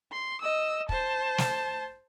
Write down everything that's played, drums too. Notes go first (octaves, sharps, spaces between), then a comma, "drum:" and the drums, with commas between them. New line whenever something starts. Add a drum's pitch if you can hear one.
C6
D#5 E6
C5 A5, drum: kick
drum: snare